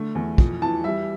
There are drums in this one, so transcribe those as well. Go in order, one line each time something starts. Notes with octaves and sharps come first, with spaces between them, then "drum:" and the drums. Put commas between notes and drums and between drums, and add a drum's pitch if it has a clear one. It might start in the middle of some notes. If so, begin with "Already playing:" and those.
Already playing: D3 A3
E2
F2, drum: kick
E3 A5
G3 E5